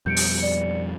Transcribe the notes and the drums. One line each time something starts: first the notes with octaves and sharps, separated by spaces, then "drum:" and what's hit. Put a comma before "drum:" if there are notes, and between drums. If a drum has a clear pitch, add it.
F2 B2 G3 G6 C#7 D7
drum: open hi-hat
D5 C#7